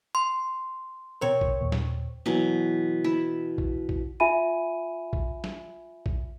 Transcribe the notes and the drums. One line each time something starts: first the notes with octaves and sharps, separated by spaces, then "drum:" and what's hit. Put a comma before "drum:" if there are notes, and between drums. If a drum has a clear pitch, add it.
C6
B2 C4 A#4 C#5
drum: kick A#1
D#2 A#2
drum: snare
B2 E3 F#3
E4
drum: kick A#1
drum: kick A#1
F4 E5 G#5 B5 D#7
drum: kick A#1
drum: snare
drum: kick A#1